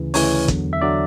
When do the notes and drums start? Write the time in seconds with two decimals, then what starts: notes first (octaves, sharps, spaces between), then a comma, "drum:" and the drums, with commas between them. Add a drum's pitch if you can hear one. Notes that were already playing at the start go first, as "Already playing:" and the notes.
Already playing: D2 C#3 E3
0.14 D2 C#3 E3 C#5, drum: open hi-hat
0.48 E2 D3 F#3, drum: kick, hi-hat
0.73 E5
0.81 D3 F#3 D5